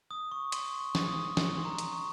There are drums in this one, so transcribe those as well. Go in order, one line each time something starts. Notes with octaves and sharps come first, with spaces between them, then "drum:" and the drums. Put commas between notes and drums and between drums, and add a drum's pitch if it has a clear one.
D#6
C#6
C6, drum: hi-hat
C#6
drum: snare
D#6
C6, drum: snare
A#5
drum: hi-hat
C#6